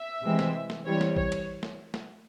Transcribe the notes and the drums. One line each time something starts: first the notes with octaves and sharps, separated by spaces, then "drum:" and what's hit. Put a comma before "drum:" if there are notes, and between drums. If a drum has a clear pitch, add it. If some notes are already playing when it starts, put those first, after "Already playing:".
Already playing: E5
C3 E3 G#3 C4
drum: snare
drum: snare
E3 G3 C4 C#5
drum: snare
C#5, drum: kick
drum: cymbal
drum: snare
drum: snare